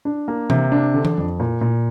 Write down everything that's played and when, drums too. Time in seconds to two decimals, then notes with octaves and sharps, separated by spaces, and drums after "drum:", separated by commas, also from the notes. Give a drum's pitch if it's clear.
0.05 D4
0.28 A#3
0.50 C3, drum: tom E3
0.72 D4
0.94 D3
1.05 drum: tom E3
1.18 F2
1.40 A#2
1.61 A#2